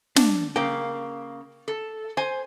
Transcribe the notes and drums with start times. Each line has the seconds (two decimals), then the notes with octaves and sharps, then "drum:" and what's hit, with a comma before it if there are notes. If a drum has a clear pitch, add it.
0.16 D4, drum: snare
0.56 C#3 A#3 G5
1.68 A4
2.17 C5 G#5